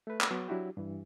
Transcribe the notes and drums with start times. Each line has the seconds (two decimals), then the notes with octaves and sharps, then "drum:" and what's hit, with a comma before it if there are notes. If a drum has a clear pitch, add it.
0.07 A3 B4
0.21 drum: clap
0.31 F#3 B3 C#6 D6
0.48 F#3 D4 E4 F#4 G4
0.77 G2 E3